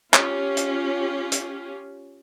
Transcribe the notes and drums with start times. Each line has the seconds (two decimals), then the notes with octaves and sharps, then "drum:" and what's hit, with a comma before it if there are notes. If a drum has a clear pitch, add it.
0.14 C#4 F4 G4, drum: clap
0.57 drum: hi-hat
1.32 drum: hi-hat